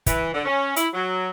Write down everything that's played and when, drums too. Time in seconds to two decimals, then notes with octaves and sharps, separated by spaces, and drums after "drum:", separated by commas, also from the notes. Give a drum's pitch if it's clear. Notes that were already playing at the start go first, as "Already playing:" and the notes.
0.06 E3, drum: kick, hi-hat
0.33 D3
0.46 C#4
0.76 E4, drum: hi-hat
0.93 F#3